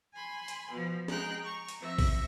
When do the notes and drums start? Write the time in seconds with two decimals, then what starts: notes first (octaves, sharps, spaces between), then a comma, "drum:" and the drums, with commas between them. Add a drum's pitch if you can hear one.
0.13 G#5 B5 C6
0.48 drum: hi-hat
0.70 B2 F3
1.08 G#3 G#4 G5 A#5 F#6, drum: snare
1.42 A#5 C#6
1.68 drum: hi-hat
1.79 F3 C4 E5 C#6 A#6
1.99 drum: kick A#1, open hi-hat